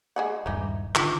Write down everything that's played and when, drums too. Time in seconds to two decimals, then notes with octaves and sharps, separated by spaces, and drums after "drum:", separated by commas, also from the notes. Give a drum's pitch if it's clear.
0.16 G#3 G#4 F#5
0.46 D#1 G2 E3 D#4
0.95 D3 D#3 F4 D6, drum: clap